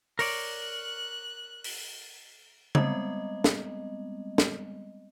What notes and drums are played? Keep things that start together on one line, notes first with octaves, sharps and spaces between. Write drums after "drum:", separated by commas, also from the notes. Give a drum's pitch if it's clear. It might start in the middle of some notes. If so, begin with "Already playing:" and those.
A#4 C#5 D5 F#6, drum: open hi-hat
drum: open hi-hat
G3 G#3 B3 C4 D#5, drum: tom C#3
drum: snare
drum: snare